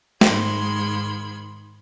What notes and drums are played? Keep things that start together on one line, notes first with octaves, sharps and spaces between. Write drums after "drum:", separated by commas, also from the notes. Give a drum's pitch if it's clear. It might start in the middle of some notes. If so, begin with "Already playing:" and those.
G#2 D#3 G#3 B5 C6 G#6, drum: snare